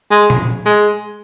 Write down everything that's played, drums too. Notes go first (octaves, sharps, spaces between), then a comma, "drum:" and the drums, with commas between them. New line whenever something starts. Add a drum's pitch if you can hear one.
G#3
drum: tom
G#3